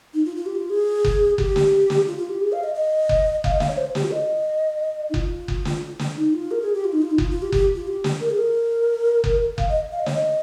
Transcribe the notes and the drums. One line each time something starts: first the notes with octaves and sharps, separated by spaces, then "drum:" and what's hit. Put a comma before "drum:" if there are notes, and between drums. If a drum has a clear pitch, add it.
D#4
F4
F4
G4
F4
G#4
drum: kick F#1
G4, drum: kick F#1
drum: snare
drum: snare
F4
F4
G4
G#4
F5
D#5
D#5
drum: kick F#1
F5, drum: kick F#1
D#5
F5, drum: snare
C#5
C5
G4, drum: snare
F4
D#5
D#4
F4, drum: kick F#1
drum: kick F#1
drum: snare
drum: snare
D#4
F4
A#4
G#4
G4
F4
D#4
F4
D#4
F4, drum: kick F#1
F4
G4
G4, drum: kick F#1
F4
G4
drum: snare
A#4
G#4
A#4
drum: kick F#1
F5, drum: kick F#1
D#5
F5
D#5
C#5, drum: snare
D#5